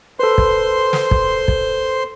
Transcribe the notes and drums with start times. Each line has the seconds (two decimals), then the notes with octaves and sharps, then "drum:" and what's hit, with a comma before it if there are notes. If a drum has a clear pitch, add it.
0.19 A4 B4 C5 C6
0.38 drum: kick
0.93 drum: snare
1.11 drum: kick
1.48 drum: kick